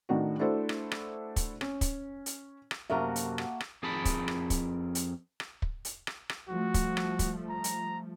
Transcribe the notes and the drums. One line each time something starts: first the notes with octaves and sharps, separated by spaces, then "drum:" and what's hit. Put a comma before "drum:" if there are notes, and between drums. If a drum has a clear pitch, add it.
A2 D#3 D4 D#4 F#4
A3 D4 E4 F#4 A4 C5
drum: rim click
drum: rim click
drum: kick, hi-hat
C#4, drum: rim click
drum: kick, hi-hat
drum: hi-hat
drum: rim click
F#2 C3 A#3 F#4 A4 A#4 E5 F#5
drum: hi-hat
drum: rim click
drum: rim click
F2 G#4 A#4 A5 B5
drum: kick, hi-hat
drum: rim click
drum: kick, hi-hat
drum: hi-hat
drum: rim click
drum: kick
drum: hi-hat
drum: rim click
drum: rim click
F3 G3 A3 F#4
drum: kick, hi-hat
drum: rim click
drum: kick, hi-hat
A#5
drum: hi-hat